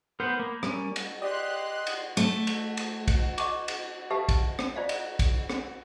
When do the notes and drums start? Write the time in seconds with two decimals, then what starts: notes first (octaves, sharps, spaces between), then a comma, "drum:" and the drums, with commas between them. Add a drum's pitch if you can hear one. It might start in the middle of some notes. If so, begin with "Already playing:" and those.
0.20 B3 A#4 C5 B5
0.39 A#3
0.63 G3 C#4, drum: rim click
0.96 drum: cymbal
1.22 G4 D5 D#5 C6 D#6 F#6
1.87 drum: cymbal
2.17 A3, drum: rim click
2.47 drum: cymbal
2.77 drum: cymbal
3.08 drum: kick, cymbal
3.38 D#5 F#5 C#6 D6, drum: cymbal
3.68 drum: cymbal
4.10 G4 A4 B4 E5 F5 A5
4.29 drum: kick, cymbal
4.59 drum: rim click
4.76 F4 C5 D5 D#5 F5
4.89 drum: cymbal
5.19 drum: kick, cymbal
5.50 drum: rim click